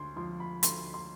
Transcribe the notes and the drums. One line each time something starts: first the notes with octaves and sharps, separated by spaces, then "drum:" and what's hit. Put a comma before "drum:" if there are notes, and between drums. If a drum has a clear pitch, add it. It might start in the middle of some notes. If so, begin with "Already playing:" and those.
Already playing: D2 C6
F3 C6
B5
D2 C6, drum: hi-hat
C6